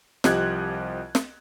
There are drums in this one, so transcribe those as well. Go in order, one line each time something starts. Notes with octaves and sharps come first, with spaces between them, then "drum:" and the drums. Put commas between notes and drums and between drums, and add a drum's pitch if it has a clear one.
C2 F3 G4 D#5 F#6 G#6, drum: snare
drum: snare